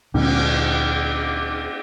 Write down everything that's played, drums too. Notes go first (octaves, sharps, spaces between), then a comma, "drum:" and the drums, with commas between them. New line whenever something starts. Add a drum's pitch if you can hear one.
D2 A#2 D3 G#3, drum: cymbal